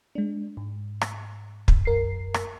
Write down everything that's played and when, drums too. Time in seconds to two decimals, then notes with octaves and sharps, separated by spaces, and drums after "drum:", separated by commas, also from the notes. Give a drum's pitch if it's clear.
0.15 G#3 D4
0.57 G#2
1.01 drum: rim click
1.68 drum: kick
1.85 F#2 A#4 C7
2.34 drum: rim click